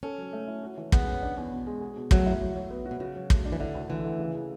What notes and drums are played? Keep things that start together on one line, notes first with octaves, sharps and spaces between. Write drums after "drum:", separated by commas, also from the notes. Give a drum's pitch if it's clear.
C#4 A4
F#3
A3
E4
F#4
E3
G#3 B3, drum: kick
C#4
D4
E2
B2
G#3
G#4
B2
F#3 A3, drum: kick
E4
F#3
F#3
B3
F#4
B2
C#3 F#4
F#3
A3, drum: kick
D4
E3
D3 E4
D2
D3 E3
A3
C#3
C#3